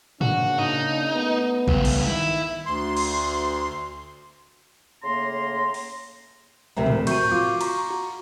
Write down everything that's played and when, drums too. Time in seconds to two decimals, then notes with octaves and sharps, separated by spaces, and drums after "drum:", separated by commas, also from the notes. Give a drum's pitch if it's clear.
0.21 C#3 A#3 D4 F#4, drum: tom G#2
0.58 D#4
1.13 A3 B3
1.68 C#2 G2, drum: kick A#1
1.85 drum: cymbal
2.06 D#3 E4
2.66 D2 C6
2.97 drum: cymbal
5.03 A2 C#3 A#3 A#5 C6
5.74 drum: open hi-hat
6.76 D2 A2 C3 A#4 E5 A#5
6.86 drum: tom
7.07 C4 F#4 C#6 G6 D#7, drum: cymbal
7.32 F4 D6
7.61 A#5 C#6, drum: cymbal
7.90 F#4